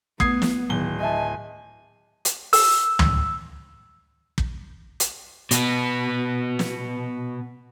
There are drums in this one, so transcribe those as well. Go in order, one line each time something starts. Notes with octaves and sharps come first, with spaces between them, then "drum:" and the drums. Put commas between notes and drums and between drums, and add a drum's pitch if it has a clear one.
A3 B3 D#6 G#6 C7, drum: kick
drum: snare
D1 D#3 F#3 G7
D#5 E5 G#5 A5
drum: hi-hat
E6, drum: open hi-hat
drum: tom
drum: kick
drum: hi-hat
B2 B3, drum: hi-hat
drum: snare